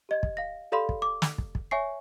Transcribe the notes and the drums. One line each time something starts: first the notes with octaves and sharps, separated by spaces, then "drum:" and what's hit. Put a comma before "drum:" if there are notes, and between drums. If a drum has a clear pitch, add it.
G4 D#5 G#6
drum: kick
F5 A#6
G4 A4 D5 F5 B5 C6
drum: kick
D6
drum: snare
drum: kick
drum: kick
C#5 E5 G#5 C#6 C7